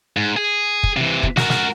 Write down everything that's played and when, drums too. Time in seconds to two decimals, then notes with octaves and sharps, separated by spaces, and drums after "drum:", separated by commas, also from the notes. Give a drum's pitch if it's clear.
0.17 G#2
0.37 G#4
0.83 drum: kick
0.97 C3 E3
1.23 drum: kick
1.37 F#4 A#4, drum: snare
1.50 drum: snare